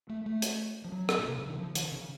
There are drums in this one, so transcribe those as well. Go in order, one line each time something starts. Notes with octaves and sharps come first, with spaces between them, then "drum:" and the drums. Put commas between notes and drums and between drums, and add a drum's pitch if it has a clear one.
A3
A3
drum: hi-hat
F3
F#3
drum: rim click
A#2
C3
C#3
D#3
F3
D#3, drum: hi-hat
C#3